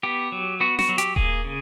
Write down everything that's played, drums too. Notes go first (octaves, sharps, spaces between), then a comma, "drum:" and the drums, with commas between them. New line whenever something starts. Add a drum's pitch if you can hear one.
B3 G4
F#3
B3 F#4
F#4, drum: snare
F#3
G4, drum: hi-hat
A#3 G#4, drum: kick D#1
C#3